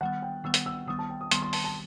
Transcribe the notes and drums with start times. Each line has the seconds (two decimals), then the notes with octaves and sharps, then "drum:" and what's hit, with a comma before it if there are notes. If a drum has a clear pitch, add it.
0.01 D#3 G3 B3 F#5
0.22 G5
0.44 D#3 G3 B3 E6
0.54 drum: hi-hat
0.66 E6
0.88 D#3 G3 B3 D#6
0.99 A5
1.10 G5
1.21 D#6
1.31 D#3 G3 B3 C6, drum: hi-hat
1.42 C6
1.53 A5, drum: open hi-hat
1.64 A5